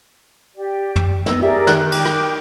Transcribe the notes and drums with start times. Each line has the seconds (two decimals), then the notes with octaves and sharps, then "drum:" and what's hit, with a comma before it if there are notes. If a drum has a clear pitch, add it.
0.56 G4 D5
0.96 drum: tom
1.26 B3 D#4 D#5 E6, drum: snare
1.42 G4 G#4 A#4 D5 E5
1.67 D#3 F#6, drum: snare
1.92 G5 D6, drum: cymbal
2.05 drum: rim click